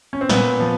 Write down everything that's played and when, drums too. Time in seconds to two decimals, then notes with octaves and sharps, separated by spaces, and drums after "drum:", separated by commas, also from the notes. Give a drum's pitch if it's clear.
0.13 C#4
0.21 C4
0.29 A#2 B3, drum: snare
0.60 F3